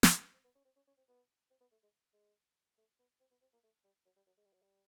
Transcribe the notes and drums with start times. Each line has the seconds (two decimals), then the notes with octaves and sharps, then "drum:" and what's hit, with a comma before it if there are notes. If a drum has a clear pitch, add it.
0.03 drum: snare
0.22 B3
0.33 C4
0.44 B3
0.55 C#4
0.65 C4
0.76 C#4
0.87 C#4
0.97 C4
1.08 B3
1.50 C4
1.61 B3
1.71 A3
1.83 G#3
2.13 G#3
2.78 A3
2.99 B3
3.20 C4
3.31 B3
3.42 C4
3.53 A#3
3.63 A3
3.84 G3
4.05 F#3
4.16 G3
4.27 F#3
4.37 G#3
4.45 G3
4.53 F#3
4.62 G3